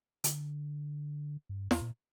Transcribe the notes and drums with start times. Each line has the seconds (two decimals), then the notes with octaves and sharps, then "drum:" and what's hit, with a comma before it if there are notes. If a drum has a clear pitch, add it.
0.24 D3, drum: hi-hat
1.49 G2
1.71 E2, drum: snare
1.82 A#2